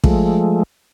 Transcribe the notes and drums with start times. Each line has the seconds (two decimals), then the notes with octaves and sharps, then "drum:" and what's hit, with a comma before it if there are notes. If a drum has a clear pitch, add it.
0.04 F3 G#3 A3, drum: kick